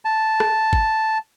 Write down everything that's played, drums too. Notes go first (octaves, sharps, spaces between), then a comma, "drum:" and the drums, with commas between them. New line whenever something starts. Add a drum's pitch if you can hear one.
A5
drum: rim click
drum: kick G#1